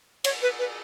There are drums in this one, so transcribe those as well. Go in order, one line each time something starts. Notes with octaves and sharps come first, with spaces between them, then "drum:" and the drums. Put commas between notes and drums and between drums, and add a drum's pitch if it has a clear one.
C#5, drum: cymbal
B4
B4